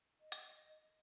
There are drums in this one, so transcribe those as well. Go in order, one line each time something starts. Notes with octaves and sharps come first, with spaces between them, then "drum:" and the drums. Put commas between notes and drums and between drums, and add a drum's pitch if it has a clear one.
D#5
drum: hi-hat